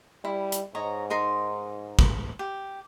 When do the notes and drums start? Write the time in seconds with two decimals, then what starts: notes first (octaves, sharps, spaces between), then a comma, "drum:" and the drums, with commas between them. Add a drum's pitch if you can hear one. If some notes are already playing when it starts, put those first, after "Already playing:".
0.25 G3 E4
0.52 drum: hi-hat
0.75 G#2 C#5 D#5 A#5
1.10 D#4 A#4 C6
1.99 drum: kick
2.39 G4